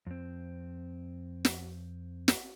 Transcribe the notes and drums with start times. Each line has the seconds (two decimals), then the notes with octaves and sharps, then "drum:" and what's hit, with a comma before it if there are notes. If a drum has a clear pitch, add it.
0.07 F2 C4
1.45 drum: snare
2.28 drum: snare